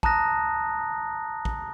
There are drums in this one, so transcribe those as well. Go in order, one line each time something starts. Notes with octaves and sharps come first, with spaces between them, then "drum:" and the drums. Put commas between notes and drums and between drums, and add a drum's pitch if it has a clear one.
A5 A#5 D#6 F#6 A#6, drum: kick
drum: kick